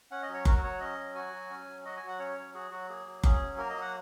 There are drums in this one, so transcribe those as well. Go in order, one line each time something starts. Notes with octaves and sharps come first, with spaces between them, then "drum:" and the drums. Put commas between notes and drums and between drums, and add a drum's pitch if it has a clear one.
C#4 F#5
D#5
F#3
C#5
F#4 A#4, drum: kick F#1
F#3 C#5
C#4 D#5
F#3
F#4 G#5
F#3
C#4
F#3
F#4 D#5
G#5
F#3 F#5
C#4 C#5
F#3
F#4 G#4
F#3 F#4
A#3 G#4
F#3
C#4 G#4, drum: kick F#1
F#3
A#3 A#4
D#5
F#3
F#5